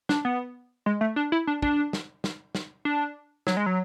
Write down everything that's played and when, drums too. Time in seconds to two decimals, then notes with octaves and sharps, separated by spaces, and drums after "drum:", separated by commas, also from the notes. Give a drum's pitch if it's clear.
0.09 D4, drum: snare
0.25 B3
0.86 G#3
1.01 A3
1.16 D4
1.32 E4
1.47 D4
1.62 D4, drum: kick
1.93 drum: snare
2.24 drum: snare
2.55 drum: snare
2.85 D4
3.47 F#3, drum: snare
3.57 G#3
3.66 F#3